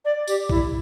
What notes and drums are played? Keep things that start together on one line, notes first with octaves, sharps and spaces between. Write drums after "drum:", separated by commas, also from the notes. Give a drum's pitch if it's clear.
D5
G4, drum: tambourine
E4, drum: kick